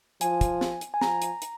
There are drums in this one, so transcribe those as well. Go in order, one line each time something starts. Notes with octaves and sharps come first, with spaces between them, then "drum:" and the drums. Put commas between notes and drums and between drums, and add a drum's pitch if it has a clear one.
F3 G#5, drum: hi-hat
drum: kick, hi-hat
drum: snare
drum: hi-hat
G#5
F3 A#5, drum: snare
drum: hi-hat
drum: hi-hat